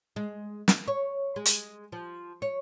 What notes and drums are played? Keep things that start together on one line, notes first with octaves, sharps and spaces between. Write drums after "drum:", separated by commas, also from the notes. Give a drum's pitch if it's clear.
G#3
drum: snare
C#5
G#3
drum: hi-hat
F3
C#5